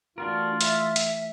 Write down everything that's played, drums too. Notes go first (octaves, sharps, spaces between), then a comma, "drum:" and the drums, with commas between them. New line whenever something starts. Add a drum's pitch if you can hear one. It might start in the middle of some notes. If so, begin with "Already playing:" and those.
E3 A3 D4 F4 F#4 A#4
E5 E6, drum: hi-hat
drum: hi-hat